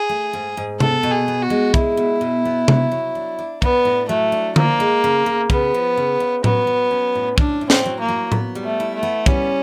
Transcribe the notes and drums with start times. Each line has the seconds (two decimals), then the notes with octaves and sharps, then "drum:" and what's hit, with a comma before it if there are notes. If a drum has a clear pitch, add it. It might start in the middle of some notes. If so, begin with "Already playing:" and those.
Already playing: G#4
0.09 A3
0.33 G#2
0.57 G#2
0.80 B3 A4, drum: tom C3
1.03 B2
1.11 G#4
1.28 B3
1.43 F#4
1.50 G#3
1.74 G#3 E4, drum: kick
1.97 B2
2.21 B2
2.45 B3
2.68 F#3, drum: tom C3
2.92 F#3
3.15 D4
3.39 D4
3.62 B3 D4, drum: kick
3.85 A2
4.09 F#3 A3
4.32 D4
4.56 F3 A#3, drum: tom D3
4.80 G#3
5.04 C#3
5.26 C#3
5.50 C#3 B3, drum: kick
5.74 F3
5.97 C#3
6.20 C#3
6.44 F#3 B3, drum: tom A2
6.67 F#3
6.91 C#4
7.15 A2
7.38 C#4 D4, drum: kick
7.61 A2
7.70 C4, drum: snare
7.86 F#3
8.00 A#3
8.08 F#3
8.32 B3, drum: tom A2
8.55 G3
8.64 A3
8.80 E4
8.95 A3
9.03 B3
9.26 G3 C#4, drum: kick